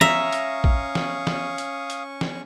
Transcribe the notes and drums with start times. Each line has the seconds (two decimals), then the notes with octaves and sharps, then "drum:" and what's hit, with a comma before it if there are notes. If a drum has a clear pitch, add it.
0.01 C#4 E5 F5 A#5 C#6 D#6, drum: snare
0.32 drum: hi-hat
0.64 drum: kick
0.95 drum: snare
1.27 drum: snare
1.58 drum: hi-hat
1.90 drum: hi-hat
2.21 drum: snare